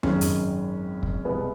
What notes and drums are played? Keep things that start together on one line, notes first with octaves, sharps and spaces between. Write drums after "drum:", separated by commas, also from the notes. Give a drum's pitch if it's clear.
G#1 F#2 D#3 G#3 C#4, drum: tom F2
drum: hi-hat
drum: kick
C2 B2 G#3 B3